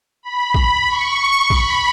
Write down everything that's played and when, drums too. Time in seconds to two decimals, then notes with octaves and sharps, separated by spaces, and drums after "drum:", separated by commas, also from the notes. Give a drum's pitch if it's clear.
0.22 B5
0.54 drum: kick
0.87 C#6
1.50 B5, drum: kick